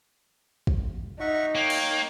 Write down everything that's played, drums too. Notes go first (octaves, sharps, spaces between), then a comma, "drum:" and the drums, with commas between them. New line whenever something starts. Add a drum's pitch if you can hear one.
drum: kick
D#4 E5 F#5 C#6
A#3 C#5 G5 D6
drum: cymbal